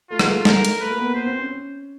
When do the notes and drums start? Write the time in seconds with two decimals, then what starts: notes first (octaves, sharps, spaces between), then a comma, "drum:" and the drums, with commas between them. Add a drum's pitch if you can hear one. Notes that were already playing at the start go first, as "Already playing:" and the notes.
0.10 A3 F4
0.19 G#3, drum: rim click
0.28 A3
0.45 A#4, drum: snare
0.65 drum: hi-hat
0.80 A3 B4
0.89 A#3
0.98 B3
1.06 A#3
1.14 B3 C5
1.26 C4
1.39 C#4